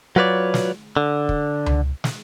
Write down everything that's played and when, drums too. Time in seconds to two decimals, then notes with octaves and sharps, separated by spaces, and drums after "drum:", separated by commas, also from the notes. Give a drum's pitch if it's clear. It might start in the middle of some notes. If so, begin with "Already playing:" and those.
0.16 F#3 F4 B4 C#5 D5
0.54 drum: snare
0.97 D3
1.29 drum: kick
1.66 drum: tom C#2
2.04 drum: snare